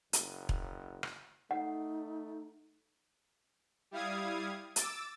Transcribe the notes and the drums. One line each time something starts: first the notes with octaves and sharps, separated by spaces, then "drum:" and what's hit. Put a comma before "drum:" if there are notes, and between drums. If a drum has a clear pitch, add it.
F#1, drum: hi-hat
drum: kick E1
drum: rim click
A3 D#4 F#5
G3 E4 F5 D#6 G#6
D6 E6 A6, drum: hi-hat